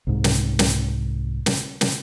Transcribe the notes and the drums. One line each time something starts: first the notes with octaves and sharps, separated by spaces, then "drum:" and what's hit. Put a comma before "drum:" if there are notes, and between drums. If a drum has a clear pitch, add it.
C2 G#2
drum: snare
drum: snare
drum: snare
drum: snare